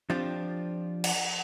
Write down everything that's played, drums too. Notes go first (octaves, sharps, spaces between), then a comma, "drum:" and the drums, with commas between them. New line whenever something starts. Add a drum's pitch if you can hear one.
F3 C4 D4 F4 G4
drum: cymbal